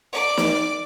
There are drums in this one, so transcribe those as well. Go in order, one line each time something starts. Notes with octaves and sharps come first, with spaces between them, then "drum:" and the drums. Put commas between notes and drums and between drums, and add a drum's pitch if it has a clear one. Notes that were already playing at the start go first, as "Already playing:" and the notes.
D5 D6
drum: snare